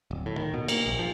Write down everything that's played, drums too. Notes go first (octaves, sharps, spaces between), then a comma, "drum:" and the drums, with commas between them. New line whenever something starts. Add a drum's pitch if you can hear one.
D1
A2
D#3
B2
A#3, drum: cymbal
A#1
F3